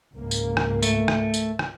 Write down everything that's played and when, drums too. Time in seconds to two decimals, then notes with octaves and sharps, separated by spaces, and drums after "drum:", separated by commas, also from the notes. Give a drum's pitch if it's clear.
0.13 C#2 G#2 A#3
0.31 drum: tambourine
0.57 drum: rim click
0.82 A3, drum: tambourine
1.08 drum: rim click
1.34 drum: tambourine
1.59 drum: rim click